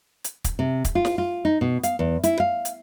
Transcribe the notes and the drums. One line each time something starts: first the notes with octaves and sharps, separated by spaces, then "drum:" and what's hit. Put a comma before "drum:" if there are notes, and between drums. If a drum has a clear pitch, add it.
drum: hi-hat
drum: kick, hi-hat
C3
drum: kick, hi-hat
F4
drum: snare
F4
D#4
B2
F5, drum: hi-hat
E2
E4, drum: hi-hat
F5
drum: hi-hat